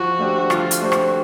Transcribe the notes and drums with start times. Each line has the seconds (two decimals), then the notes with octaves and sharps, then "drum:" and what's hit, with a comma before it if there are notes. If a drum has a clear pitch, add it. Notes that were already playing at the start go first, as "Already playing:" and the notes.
Already playing: F3 F#4
0.19 A3 D4 G4 C5
0.50 F3 F4, drum: rim click
0.71 drum: hi-hat
0.81 A3 D4 F#4 G4 C5
0.92 drum: rim click